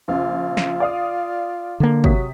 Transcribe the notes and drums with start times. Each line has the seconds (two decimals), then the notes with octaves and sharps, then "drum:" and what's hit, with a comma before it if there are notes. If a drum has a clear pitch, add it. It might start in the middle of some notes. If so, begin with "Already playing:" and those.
0.08 A#1 C#3 F4
0.57 drum: snare
0.80 D5 F5 D#6
1.80 D3 A#3
2.04 C3 F#3 D#6 B6, drum: kick